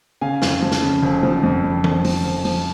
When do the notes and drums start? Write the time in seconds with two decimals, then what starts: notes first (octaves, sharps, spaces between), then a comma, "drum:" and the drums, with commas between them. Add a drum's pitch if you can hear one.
0.21 C#3 F5 G#5
0.42 F2, drum: snare
0.62 F3
0.72 drum: snare
0.82 C#3
1.02 F1
1.23 F3
1.43 F2
1.64 F2
1.84 F1, drum: tom E3
2.05 F3, drum: open hi-hat
2.25 F1
2.45 F3, drum: open hi-hat